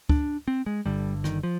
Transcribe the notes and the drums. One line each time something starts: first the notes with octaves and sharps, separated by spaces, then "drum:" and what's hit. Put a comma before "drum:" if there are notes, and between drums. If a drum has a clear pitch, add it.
D4, drum: kick
C4
G#3
G1 G2 D3 G3
D#3, drum: rim click
F3